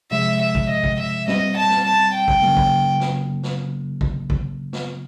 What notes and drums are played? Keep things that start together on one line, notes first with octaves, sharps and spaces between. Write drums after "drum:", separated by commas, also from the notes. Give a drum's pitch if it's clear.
C3 F3 G#3 E5
E5
drum: kick
D#5
drum: kick
E5
B2 G3 C4 D#5, drum: snare
A5
drum: snare
A5
G5
drum: kick
C#3 F#3 A#3
drum: kick
drum: snare
drum: snare
drum: kick
drum: kick
drum: snare